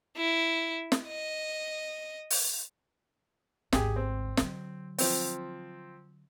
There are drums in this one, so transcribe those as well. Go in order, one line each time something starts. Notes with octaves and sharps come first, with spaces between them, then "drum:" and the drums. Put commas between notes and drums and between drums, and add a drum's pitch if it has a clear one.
E4
drum: snare
D#5
drum: open hi-hat
G#1 D2 G4 G#4, drum: snare
C4
D3 F#3, drum: snare
F3 C4, drum: open hi-hat